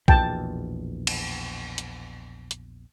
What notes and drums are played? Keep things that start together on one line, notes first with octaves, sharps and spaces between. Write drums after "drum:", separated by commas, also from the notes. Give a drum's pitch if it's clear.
A#1 E2 B2 G5 A5, drum: kick B1
drum: cymbal
drum: hi-hat
drum: hi-hat